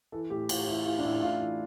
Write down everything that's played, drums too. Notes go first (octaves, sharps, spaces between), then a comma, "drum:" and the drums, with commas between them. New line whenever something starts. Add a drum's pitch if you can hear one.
E3 A4
A2 G4
A2 F4, drum: cymbal
E3 E4
E3 F4
D4
A2 E4
A2 F4
E3